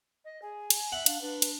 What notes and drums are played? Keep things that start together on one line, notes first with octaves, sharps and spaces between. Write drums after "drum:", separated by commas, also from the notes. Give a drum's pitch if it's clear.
D#5
G#4 G#5
drum: cymbal
E5 F#5
D4 F5, drum: cymbal
D4 B4
drum: cymbal